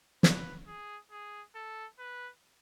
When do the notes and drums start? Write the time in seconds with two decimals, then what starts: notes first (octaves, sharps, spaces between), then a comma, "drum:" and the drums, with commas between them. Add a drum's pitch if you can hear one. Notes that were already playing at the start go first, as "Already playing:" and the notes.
0.23 B4, drum: snare
0.67 G#4
1.11 G#4
1.55 A4
1.99 B4